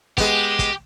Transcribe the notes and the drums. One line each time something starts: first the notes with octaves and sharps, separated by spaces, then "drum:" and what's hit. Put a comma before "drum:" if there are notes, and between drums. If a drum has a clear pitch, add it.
G#3 B3 G4, drum: kick, hi-hat
drum: kick, hi-hat